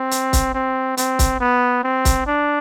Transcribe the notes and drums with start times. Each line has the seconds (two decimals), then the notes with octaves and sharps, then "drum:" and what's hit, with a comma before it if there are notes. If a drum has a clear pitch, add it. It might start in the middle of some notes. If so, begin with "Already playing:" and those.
Already playing: C4
0.11 drum: hi-hat
0.33 drum: kick, hi-hat
0.55 C4
0.97 C4, drum: hi-hat
1.19 drum: kick, hi-hat
1.40 B3
1.83 C4
2.05 drum: kick, hi-hat
2.27 D4